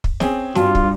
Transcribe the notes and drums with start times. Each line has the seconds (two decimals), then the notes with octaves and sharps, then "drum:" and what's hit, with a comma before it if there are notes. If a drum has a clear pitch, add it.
0.04 drum: kick
0.20 C4 C#4 G#4, drum: snare
0.55 G2 F4 F#4 A5, drum: snare
0.75 drum: kick